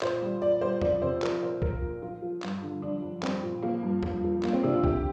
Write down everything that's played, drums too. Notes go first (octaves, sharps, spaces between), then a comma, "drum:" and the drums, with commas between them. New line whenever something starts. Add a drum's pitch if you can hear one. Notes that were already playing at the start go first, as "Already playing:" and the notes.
A#2 C5, drum: clap
G3
A#2 D5
G3 C5
F3 D5, drum: tom E2
C3 C5
F3 A#4, drum: clap
A#2 C5
F3 A#4, drum: kick
A#2
F3 F4
F3
G2, drum: clap
D3
F2 D4
F2
G3 C4, drum: clap
A#2
F3 A#3
G2
F3, drum: tom E2
F3
G3 A#3, drum: clap
C4
C3 D4
F4
D3 G4, drum: kick